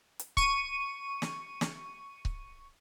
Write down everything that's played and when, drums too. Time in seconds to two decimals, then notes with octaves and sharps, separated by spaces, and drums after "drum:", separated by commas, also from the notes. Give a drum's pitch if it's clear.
0.19 drum: hi-hat
0.37 C#6 D#7, drum: kick C#1
1.22 drum: snare
1.61 drum: snare
2.25 drum: kick C#1